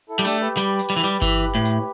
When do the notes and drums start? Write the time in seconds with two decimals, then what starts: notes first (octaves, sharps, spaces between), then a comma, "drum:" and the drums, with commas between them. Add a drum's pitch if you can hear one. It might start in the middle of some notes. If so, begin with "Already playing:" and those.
0.09 E4 A4
0.19 G3
0.25 A3 D4 G4
0.41 G4 B4
0.57 G3, drum: snare
0.79 drum: hi-hat
0.90 G3
0.96 E3
1.04 G3
1.22 E3, drum: kick G1, hi-hat
1.43 drum: open hi-hat
1.55 A2
1.65 drum: hi-hat